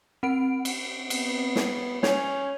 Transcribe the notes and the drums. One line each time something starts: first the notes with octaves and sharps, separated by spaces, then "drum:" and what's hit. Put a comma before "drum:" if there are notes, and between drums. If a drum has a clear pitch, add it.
C4 F#5 D7
drum: cymbal
B3, drum: cymbal
drum: snare
C#4 C#5 G#6 F7, drum: snare